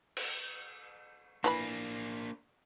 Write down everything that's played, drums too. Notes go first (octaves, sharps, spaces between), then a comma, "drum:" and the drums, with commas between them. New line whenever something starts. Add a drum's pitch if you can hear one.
drum: cymbal
E3 A#3 D4 G#4 B5